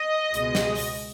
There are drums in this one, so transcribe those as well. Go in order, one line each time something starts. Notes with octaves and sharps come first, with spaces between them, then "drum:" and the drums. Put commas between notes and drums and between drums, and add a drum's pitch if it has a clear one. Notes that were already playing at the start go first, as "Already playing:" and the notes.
Already playing: D#5
C#2 B2 G#3, drum: hi-hat
drum: snare
drum: open hi-hat